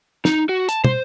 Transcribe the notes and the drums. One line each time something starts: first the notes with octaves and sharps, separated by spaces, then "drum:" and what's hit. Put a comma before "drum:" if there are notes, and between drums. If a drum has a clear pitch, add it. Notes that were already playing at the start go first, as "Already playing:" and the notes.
D#4, drum: snare
F#4
A5, drum: hi-hat
C5, drum: tom